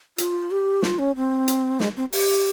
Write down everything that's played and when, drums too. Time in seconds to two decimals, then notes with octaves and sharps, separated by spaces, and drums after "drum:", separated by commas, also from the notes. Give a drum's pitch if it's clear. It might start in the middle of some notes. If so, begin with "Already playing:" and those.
0.18 F4, drum: hi-hat
0.51 G4
0.83 F4, drum: snare
0.99 C#4
1.16 C4
1.48 drum: hi-hat
1.80 G#3, drum: snare
1.97 C4
2.13 G4, drum: open hi-hat